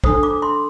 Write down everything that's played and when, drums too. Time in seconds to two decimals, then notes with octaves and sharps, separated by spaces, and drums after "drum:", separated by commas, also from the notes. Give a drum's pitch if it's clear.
0.04 D4 A4 C5 D#6, drum: kick
0.23 D6
0.42 C6